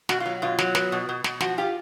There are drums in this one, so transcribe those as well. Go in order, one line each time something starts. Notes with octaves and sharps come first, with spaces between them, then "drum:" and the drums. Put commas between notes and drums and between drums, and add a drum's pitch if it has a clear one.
B2 F#4, drum: snare
F4
F#3
B2 F4
F#3, drum: snare
B3, drum: snare
B2
B2
B2, drum: snare
F3 F#4, drum: snare
F4 G4